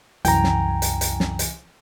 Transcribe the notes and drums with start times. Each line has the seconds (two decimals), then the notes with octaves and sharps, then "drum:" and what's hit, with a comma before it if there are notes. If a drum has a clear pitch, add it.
0.25 C2 F#2 E3 G5 G#5 A#5, drum: hi-hat
0.44 drum: snare
0.82 drum: hi-hat
1.01 drum: hi-hat
1.20 drum: snare
1.39 drum: hi-hat